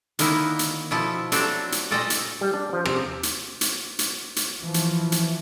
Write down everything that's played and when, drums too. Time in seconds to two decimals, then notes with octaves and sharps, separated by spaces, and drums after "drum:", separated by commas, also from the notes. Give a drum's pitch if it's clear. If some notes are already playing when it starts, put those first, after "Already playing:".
0.19 D3 D#3 A#3 B3 E4, drum: hi-hat
0.59 drum: hi-hat
0.91 B2 F3 E4 A4 A5
1.32 F#3 A3 C4 D4 G4 A4, drum: hi-hat
1.72 drum: hi-hat
1.91 A#2 F4 A4 D5 D#5 G5
2.10 drum: hi-hat
2.41 G3
2.54 D4
2.73 F3
2.85 C3, drum: rim click
3.23 drum: hi-hat
3.61 drum: hi-hat
3.99 drum: hi-hat
4.36 drum: hi-hat
4.62 E3 F3
4.74 drum: hi-hat
5.12 drum: hi-hat